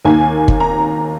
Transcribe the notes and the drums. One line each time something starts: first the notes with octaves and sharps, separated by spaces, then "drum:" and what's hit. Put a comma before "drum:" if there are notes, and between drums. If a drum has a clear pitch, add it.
D#2 D#3 A#3 G#5
drum: kick
A#5